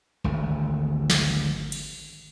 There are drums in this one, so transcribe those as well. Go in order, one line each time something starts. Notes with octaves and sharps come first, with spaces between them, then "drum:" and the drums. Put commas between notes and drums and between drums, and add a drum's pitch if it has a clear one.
G#1 D2, drum: tom C#3
drum: snare
drum: cymbal